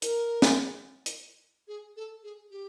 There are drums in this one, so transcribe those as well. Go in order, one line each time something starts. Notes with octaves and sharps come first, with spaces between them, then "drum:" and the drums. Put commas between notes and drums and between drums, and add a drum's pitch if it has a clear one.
A#4, drum: hi-hat
drum: snare
drum: hi-hat
G#4
A4
G#4
G4